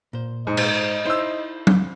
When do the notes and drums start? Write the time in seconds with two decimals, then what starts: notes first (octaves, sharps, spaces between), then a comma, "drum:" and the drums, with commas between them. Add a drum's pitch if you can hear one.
0.13 A#2 C5
0.47 G#2 D#5
0.57 drum: cymbal
1.05 D#4 E4 C5 E6
1.67 drum: tom F#3